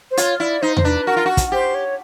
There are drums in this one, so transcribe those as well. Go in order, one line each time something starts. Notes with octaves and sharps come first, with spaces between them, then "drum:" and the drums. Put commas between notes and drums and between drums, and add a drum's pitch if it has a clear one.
C5
F4 C#5, drum: hi-hat
E4 D5
D#4 C5
C5, drum: tom E2
D4 B4
F#4 A#4
F4
F#4
drum: kick, hi-hat
G4 C5
C#5